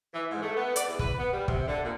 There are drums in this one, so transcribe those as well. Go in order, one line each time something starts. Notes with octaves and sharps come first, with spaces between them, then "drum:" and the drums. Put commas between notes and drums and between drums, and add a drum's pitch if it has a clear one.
E3
G#2
A3
B3
D5, drum: hi-hat
E2
B4, drum: kick
B3
G3
C3, drum: kick
D3
A#2